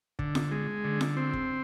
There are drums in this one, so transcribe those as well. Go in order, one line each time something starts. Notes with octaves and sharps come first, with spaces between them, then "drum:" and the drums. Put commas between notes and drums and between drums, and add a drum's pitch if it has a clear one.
D3, drum: kick
drum: snare F4
G#3
D3
drum: snare F4
C4
drum: kick